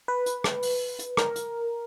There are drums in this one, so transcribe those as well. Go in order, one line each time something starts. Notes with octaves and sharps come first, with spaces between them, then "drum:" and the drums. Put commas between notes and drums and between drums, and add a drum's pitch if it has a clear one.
B4
drum: hi-hat
drum: rim click
drum: open hi-hat
drum: hi-hat
A#4, drum: rim click
drum: hi-hat